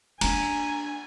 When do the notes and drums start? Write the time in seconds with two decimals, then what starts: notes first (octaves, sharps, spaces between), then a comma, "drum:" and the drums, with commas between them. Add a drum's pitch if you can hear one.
0.21 A#3 D4 G#5 A#5, drum: cymbal